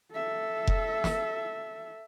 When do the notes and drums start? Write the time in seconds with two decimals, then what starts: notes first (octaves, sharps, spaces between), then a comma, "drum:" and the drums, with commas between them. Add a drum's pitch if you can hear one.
0.13 A4 E5
0.67 drum: kick F1
1.04 drum: snare